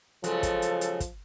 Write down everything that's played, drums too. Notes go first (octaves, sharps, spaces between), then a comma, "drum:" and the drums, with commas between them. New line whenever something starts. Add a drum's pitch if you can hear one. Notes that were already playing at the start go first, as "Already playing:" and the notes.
C#3 F3 F#3 G#3 A4, drum: hi-hat
drum: kick, hi-hat
drum: hi-hat
drum: hi-hat
drum: kick, hi-hat